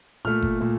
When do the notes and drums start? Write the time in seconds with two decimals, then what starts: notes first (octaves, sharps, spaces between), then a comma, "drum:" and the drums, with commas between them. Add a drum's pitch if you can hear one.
0.25 A#2 A3 F6
0.42 drum: kick F#1
0.61 A#2 A3